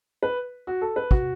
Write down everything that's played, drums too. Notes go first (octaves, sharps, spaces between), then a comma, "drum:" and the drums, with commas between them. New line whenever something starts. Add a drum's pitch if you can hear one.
B4
F#4
A4
B4
F#4, drum: kick